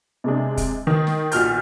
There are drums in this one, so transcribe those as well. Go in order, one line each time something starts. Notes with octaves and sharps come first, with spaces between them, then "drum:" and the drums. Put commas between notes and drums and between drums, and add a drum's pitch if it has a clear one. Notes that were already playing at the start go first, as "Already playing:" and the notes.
C3 G#3 D4
drum: kick, hi-hat
D#3
drum: snare
B1 A#2 F6 G6, drum: hi-hat